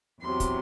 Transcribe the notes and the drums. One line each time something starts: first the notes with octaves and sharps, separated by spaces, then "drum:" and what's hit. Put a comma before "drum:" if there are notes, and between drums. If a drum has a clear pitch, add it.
E2 C3 F#3 C6
drum: kick, hi-hat